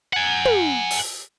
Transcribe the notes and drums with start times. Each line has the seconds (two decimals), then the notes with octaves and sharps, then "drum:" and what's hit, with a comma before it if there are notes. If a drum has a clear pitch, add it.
0.13 F#5 G#5
0.45 drum: tom
0.90 drum: open hi-hat